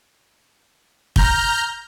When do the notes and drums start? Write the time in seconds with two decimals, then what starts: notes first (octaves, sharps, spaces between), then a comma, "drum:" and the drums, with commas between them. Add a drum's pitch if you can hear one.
1.16 A#5 F6 G6, drum: kick